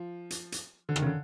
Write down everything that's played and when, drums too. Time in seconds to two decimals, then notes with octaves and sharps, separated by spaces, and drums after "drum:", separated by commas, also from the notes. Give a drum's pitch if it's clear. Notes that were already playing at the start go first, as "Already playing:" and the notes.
Already playing: F3
0.30 drum: hi-hat
0.52 drum: hi-hat
0.89 D3
0.96 D#3, drum: rim click
1.02 C#3
1.06 D3